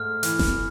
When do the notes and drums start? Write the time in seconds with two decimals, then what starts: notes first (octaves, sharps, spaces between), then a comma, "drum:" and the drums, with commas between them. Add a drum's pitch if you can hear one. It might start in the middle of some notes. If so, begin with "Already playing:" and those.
Already playing: G#2 A3 F6
0.23 E3, drum: hi-hat
0.39 drum: snare F1